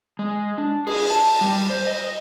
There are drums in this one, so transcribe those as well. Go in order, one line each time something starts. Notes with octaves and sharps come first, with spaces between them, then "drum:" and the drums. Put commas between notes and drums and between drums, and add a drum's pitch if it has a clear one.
G#3
D4
G#4, drum: cymbal
A5
G3
C5
D#5